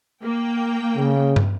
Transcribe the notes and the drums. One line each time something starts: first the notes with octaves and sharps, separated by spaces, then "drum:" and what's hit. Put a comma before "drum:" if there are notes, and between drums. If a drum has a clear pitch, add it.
A#3 G5
C#3
drum: tom